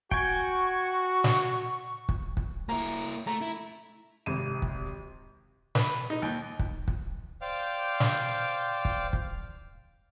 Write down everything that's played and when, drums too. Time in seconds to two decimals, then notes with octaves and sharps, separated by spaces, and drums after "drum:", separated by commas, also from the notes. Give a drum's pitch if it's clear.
0.11 F#4 G5 G#5 C#6, drum: kick
1.24 drum: snare
2.09 drum: kick
2.37 drum: kick
2.69 A#3 E4 A#5
3.27 A3 A#5
3.41 E4
4.26 G#1 C3 D#7
4.62 drum: kick
5.75 B4, drum: snare
6.10 D#4
6.22 D#2
6.59 drum: kick
6.88 drum: kick
7.41 C5 D5 F5 G5 D6 F6
8.00 drum: snare
8.85 drum: kick
9.13 drum: kick